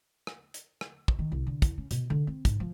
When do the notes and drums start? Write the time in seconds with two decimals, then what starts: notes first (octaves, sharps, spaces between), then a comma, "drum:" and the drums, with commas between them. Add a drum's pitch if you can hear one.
0.27 drum: rim click
0.54 drum: hi-hat
0.81 drum: rim click
1.08 drum: kick
1.19 D#3
1.32 C2
1.47 D3
1.62 E2, drum: kick, hi-hat
1.78 C#4
1.91 B2, drum: hi-hat
2.10 D3
2.27 C4
2.45 G#2, drum: kick, hi-hat
2.60 F3